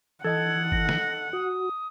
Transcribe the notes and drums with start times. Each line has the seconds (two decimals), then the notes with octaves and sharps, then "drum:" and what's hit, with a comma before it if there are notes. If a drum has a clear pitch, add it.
0.24 E3 A4 D#5 F#5 A5 G#6
0.72 A#6, drum: kick F#1
0.89 drum: snare
1.33 F#4 D#6